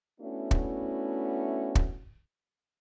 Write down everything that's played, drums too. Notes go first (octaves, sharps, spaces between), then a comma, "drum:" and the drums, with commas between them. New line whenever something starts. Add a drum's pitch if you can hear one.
A3 B3 C#4 D4 E4 F#4
drum: kick
drum: kick